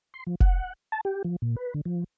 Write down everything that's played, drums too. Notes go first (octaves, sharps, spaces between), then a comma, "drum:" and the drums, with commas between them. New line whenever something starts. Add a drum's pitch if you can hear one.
C6
F3
F#5, drum: kick F1
A5
G4
F3
A#2
B4
D3
F3